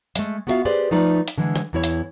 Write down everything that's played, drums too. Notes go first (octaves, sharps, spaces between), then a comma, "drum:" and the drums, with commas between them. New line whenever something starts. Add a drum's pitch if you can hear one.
G#3 A3, drum: hi-hat
B3 F4 F#4 A#4 E5 F5
G4 G#4 B4 C5 D5
F3 A3 D#4 F4 B4 D5
drum: hi-hat
D3 E3 G#3
drum: rim click
E2 E4 C#5
drum: hi-hat